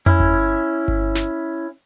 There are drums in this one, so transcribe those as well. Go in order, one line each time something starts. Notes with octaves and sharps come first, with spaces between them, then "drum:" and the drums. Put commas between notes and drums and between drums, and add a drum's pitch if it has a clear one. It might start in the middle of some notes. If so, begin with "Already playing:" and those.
C#4 E4, drum: tom F2
drum: kick G1
drum: kick G1
drum: snare